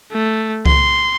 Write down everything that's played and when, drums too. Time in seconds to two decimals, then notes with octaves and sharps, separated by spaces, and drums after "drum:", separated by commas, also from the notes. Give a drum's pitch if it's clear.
0.11 A3
0.66 C6, drum: kick C2